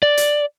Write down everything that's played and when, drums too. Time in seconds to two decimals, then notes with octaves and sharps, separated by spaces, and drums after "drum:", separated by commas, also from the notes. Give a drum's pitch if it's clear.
0.03 D5
0.17 drum: hi-hat